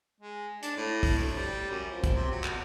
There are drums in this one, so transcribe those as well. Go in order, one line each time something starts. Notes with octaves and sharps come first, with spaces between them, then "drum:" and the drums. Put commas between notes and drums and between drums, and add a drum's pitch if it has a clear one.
G#3
D4, drum: hi-hat
A2
drum: kick, open hi-hat
D2
G3
F#2
F3
drum: kick, hi-hat
C3
F#3
drum: clap